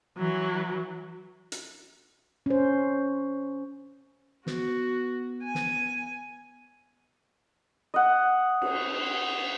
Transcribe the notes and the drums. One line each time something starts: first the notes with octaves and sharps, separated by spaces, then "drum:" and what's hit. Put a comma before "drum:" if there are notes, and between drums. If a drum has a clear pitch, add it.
E3 F#3
drum: hi-hat
C#4 C5
B3 F#4, drum: snare
G#5
drum: snare
D#5 F#5
drum: cymbal